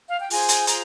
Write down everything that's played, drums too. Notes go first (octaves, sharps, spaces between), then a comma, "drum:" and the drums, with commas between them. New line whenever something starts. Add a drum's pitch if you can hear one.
F5
G5
F4 G#4 C5 G#5, drum: open hi-hat
drum: hi-hat
A#5, drum: hi-hat